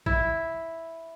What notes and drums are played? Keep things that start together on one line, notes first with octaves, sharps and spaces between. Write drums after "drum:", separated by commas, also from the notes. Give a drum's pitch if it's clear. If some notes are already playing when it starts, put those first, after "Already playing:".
E4, drum: kick A1